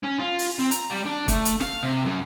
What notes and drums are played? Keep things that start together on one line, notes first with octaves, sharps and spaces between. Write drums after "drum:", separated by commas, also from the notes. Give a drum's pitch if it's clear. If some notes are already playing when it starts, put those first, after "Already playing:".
C#4
F4
drum: open hi-hat
C4
A#5, drum: hi-hat
G3
D4
A3, drum: kick, hi-hat
drum: hi-hat
F5, drum: snare
C3
F#2